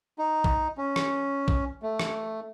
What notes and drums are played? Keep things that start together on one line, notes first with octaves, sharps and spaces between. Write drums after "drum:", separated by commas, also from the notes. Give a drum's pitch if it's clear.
D#4
drum: kick
C#4
drum: rim click
drum: kick
A3
drum: rim click